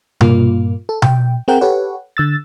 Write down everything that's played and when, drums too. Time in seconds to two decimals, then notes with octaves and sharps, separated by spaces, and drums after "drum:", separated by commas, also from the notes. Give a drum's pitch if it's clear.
0.21 G2 A#2 A#3 F4, drum: tom B2
0.89 A4
1.02 G5, drum: tom B2
1.48 C4 G#4 A#4 F#5 G5
1.61 G4 A4 B4 C#5 F#5
2.17 D3 E6 A6